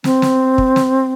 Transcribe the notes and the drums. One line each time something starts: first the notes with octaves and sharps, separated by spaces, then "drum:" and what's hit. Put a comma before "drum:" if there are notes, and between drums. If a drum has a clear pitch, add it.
C4, drum: snare
drum: snare
drum: kick
drum: snare